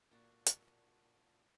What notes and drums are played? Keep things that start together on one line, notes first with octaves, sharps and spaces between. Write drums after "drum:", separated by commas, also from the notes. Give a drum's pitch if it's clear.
A#2 D4 F#4
drum: hi-hat